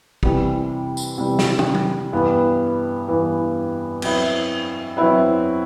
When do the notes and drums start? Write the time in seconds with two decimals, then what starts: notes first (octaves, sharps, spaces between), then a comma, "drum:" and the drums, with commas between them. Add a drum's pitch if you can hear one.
0.23 C3 E3 G3, drum: kick
0.97 drum: tambourine
1.18 C3 E3 G3
1.39 drum: snare
1.59 drum: tom
1.75 drum: tom F#3
2.13 G2 E3 B3
3.08 G2 E3 B3
4.02 F#3 C4 E4 B4, drum: cymbal
4.97 F#3 C4 E4 B4